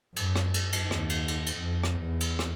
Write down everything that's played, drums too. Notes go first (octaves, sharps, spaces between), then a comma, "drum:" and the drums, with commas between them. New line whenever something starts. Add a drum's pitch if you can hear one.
F#2, drum: cymbal
drum: rim click
drum: cymbal
drum: cymbal
D#2, drum: rim click
drum: cymbal
drum: cymbal
drum: cymbal
F2
drum: rim click
E2
drum: cymbal
drum: rim click